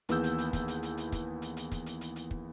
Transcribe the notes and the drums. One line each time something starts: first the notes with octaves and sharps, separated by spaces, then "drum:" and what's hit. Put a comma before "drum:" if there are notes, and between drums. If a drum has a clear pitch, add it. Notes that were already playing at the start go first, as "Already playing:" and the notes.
D#2 E3 B3 G#4 E6 G6, drum: hi-hat
drum: hi-hat
drum: hi-hat
drum: kick, hi-hat
drum: hi-hat
drum: hi-hat
drum: hi-hat
drum: kick, hi-hat
drum: hi-hat
drum: hi-hat
drum: kick, hi-hat
drum: hi-hat
drum: hi-hat
drum: hi-hat
drum: kick